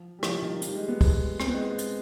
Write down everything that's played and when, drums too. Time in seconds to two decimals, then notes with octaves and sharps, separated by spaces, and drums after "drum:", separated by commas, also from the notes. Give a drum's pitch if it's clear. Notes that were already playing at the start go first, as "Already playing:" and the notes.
Already playing: F3
0.19 G3
0.23 F3, drum: rim click
0.42 D#3
0.62 G3, drum: hi-hat
0.75 G#3
0.88 B3
1.01 drum: kick, open hi-hat
1.40 C4, drum: rim click
1.47 B3
1.54 G#3
1.61 B3
1.79 drum: hi-hat